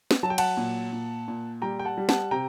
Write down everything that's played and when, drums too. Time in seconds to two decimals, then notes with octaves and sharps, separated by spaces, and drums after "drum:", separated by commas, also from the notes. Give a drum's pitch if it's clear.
0.11 drum: snare
0.23 F#3 A5
0.30 G5
0.38 F#5 A5, drum: cymbal
0.57 A#2
0.92 A#2
1.28 A#2
1.62 G3 G5 A#5
1.79 G5
1.85 F#5 A5
1.98 G3
2.09 F#5 A5, drum: snare
2.31 C3 G5 A#5